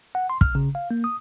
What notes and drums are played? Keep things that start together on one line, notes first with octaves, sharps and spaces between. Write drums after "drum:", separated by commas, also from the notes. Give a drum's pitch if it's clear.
F#5
C6
F6, drum: kick
C#3
F5
A#3
D#6